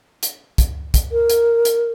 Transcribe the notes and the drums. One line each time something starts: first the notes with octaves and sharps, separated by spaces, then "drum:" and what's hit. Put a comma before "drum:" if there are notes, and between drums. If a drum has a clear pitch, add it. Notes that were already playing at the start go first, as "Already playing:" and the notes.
drum: hi-hat
drum: kick, hi-hat
drum: kick, hi-hat
A#4
drum: hi-hat
drum: hi-hat